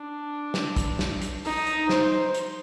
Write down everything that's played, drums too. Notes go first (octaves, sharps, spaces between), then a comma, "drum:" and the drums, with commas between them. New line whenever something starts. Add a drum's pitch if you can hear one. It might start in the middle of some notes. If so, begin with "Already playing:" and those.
Already playing: D4
drum: snare
drum: kick, hi-hat
drum: snare
drum: hi-hat
D#4, drum: open hi-hat
drum: hi-hat
C5, drum: snare
drum: hi-hat